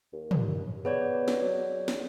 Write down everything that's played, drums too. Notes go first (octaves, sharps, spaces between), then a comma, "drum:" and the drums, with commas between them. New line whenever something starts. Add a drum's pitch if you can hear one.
D#2
drum: tom
B3 G#4 C#5 D5
drum: snare
F#3
drum: snare